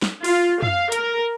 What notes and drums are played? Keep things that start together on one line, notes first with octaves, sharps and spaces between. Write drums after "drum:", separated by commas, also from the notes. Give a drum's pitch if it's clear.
drum: snare
F4, drum: open hi-hat
F5, drum: tom
A#4, drum: hi-hat